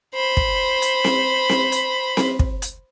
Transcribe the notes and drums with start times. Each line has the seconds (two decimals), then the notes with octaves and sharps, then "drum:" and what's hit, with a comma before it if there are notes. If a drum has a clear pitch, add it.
0.14 C5 B5
0.37 drum: kick
0.82 drum: hi-hat
1.04 drum: snare C4
1.49 drum: snare C4
1.72 drum: hi-hat
2.17 drum: snare C4
2.39 drum: kick
2.62 drum: hi-hat